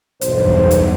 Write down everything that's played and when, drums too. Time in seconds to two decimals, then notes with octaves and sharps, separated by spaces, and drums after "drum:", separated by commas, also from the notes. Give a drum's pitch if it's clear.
0.21 B1 E2 G2 C5, drum: hi-hat
0.46 drum: kick
0.71 drum: hi-hat